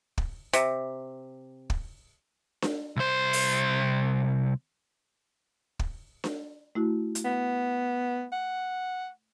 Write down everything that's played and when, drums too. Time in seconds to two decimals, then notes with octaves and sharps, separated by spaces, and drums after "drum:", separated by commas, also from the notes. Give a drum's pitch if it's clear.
0.18 drum: kick
0.53 C3, drum: hi-hat
1.70 drum: kick
2.62 drum: snare D4
2.97 C2 C5
3.33 drum: open hi-hat
5.79 drum: kick
6.24 drum: snare D4
6.75 A3 E4 F#4
7.15 drum: hi-hat
7.25 B3
8.32 F#5